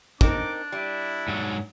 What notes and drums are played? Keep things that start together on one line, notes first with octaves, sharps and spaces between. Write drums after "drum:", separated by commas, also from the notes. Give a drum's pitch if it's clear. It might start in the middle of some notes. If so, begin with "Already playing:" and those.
C4 D4 D#4 A#4 D6, drum: kick
G3 E4
G#2 F#3